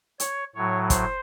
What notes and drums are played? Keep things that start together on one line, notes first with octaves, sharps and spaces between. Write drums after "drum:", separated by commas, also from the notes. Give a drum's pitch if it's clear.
C#5, drum: hi-hat
A2 F#3 C#5
C5, drum: kick, hi-hat